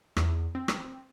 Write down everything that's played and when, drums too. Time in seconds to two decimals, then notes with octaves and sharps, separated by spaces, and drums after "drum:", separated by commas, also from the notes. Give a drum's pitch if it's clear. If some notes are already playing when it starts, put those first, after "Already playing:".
0.17 E2, drum: rim click
0.55 C4
0.68 drum: rim click